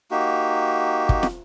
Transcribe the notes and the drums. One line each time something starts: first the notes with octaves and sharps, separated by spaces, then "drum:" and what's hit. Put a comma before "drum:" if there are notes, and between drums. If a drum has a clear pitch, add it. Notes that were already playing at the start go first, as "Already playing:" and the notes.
A#3 D#4 F#4 G4
drum: kick
drum: snare